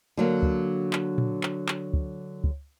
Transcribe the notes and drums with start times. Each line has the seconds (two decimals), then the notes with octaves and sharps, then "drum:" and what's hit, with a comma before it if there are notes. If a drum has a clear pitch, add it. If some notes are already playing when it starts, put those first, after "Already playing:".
0.17 D3 F#3 A#3
0.43 drum: kick
0.93 drum: clap
1.18 drum: tom A#2
1.43 drum: clap
1.68 drum: clap
1.93 drum: kick
2.44 drum: kick